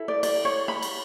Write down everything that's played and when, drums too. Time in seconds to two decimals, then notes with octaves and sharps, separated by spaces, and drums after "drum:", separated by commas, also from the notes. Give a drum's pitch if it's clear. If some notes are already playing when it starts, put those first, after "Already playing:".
Already playing: E4 A4
0.08 D5
0.23 D5, drum: cymbal
0.45 C#5
0.68 B5
0.83 drum: cymbal